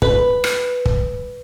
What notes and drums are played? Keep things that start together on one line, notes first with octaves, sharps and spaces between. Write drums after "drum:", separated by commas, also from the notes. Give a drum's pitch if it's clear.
B4, drum: kick
drum: rim click
drum: kick